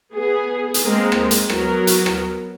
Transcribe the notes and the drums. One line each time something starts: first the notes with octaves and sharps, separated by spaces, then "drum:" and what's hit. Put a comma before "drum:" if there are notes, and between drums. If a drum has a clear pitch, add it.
B3 G#4
drum: hi-hat
G#3 A#3 C4 A#4
drum: rim click
drum: hi-hat
F#3 B3 A#4, drum: rim click
drum: hi-hat
drum: rim click